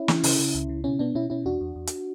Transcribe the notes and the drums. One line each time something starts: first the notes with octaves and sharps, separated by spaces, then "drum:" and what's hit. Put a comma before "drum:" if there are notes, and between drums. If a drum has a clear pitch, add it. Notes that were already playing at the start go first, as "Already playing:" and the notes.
Already playing: C#4 E4
E3, drum: snare
C#3, drum: open hi-hat
C#3
C#2
C#3
B2 C#4 E4
B2 B3 D4
B2 C#4 E4
B2 C#4 E4
E2 D4 F#4
E2
E2
drum: hi-hat